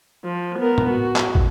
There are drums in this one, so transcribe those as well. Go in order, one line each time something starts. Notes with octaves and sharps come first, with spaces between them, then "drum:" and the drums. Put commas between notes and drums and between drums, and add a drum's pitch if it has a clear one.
F3
B3 A#4
drum: tom A2
F#4
drum: clap
drum: kick